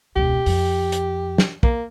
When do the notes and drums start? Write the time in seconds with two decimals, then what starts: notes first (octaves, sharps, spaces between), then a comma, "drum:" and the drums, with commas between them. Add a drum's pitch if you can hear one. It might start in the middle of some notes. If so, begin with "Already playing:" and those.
0.16 E1 C#2 G4
0.46 F2, drum: open hi-hat
0.92 drum: hi-hat
1.38 drum: snare
1.63 A#3, drum: kick